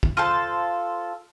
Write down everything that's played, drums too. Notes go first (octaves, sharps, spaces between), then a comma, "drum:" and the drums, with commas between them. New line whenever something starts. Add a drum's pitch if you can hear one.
drum: kick
F4 A4 C5 A5